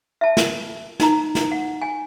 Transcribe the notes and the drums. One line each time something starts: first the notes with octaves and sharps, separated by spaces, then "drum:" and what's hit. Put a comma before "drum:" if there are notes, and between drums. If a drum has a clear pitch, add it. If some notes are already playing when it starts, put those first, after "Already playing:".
E5 A5
drum: snare
D#4 A#5, drum: snare
drum: snare
F#5
G#5